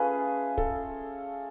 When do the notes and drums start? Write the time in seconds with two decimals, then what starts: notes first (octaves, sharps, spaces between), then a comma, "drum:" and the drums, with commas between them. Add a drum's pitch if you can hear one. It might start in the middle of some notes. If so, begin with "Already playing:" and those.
Already playing: A3 C#4 F4 G#4 B4
0.58 A4, drum: kick